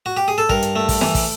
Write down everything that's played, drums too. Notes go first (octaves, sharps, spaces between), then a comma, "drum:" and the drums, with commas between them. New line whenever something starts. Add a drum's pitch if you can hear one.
F#4
G4
G#4
A4
G2 A#4, drum: kick
drum: hi-hat
A3
drum: kick, open hi-hat
E3, drum: snare
drum: kick, open hi-hat